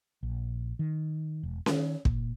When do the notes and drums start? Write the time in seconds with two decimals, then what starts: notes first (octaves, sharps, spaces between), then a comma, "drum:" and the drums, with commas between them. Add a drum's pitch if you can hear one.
0.23 A#1
0.79 D#3
1.43 E1
1.66 D#3, drum: snare C#4
2.05 A#2, drum: kick